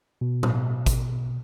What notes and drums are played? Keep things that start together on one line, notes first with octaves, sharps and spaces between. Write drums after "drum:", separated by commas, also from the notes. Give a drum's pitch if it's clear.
B2
drum: tom A2
drum: kick, hi-hat